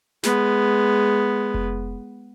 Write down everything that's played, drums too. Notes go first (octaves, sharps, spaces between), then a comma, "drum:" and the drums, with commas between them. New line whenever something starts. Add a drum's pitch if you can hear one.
G#3 B3, drum: snare
drum: kick F1